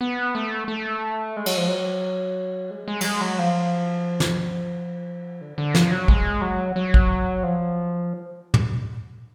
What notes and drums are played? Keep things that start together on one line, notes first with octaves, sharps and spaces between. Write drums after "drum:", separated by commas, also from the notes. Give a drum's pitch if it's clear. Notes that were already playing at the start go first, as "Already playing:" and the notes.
B3
A3
A3
G#3
F#3, drum: cymbal
F3
F#3
G#3
G#3
F#3, drum: cymbal
G#3
F#3
F3
drum: snare
D3
D3
F3, drum: snare
F#3
G#3, drum: kick A1
F#3
F#3
drum: kick A1
F3
drum: tom